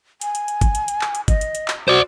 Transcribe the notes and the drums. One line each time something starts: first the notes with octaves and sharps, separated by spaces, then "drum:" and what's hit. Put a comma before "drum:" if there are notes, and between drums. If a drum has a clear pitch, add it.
G#5, drum: hi-hat
drum: hi-hat
drum: hi-hat
drum: kick, hi-hat
drum: hi-hat
drum: hi-hat
drum: clap
drum: hi-hat
D#5, drum: kick, hi-hat
drum: hi-hat
drum: hi-hat
drum: clap
F#4 C5 D5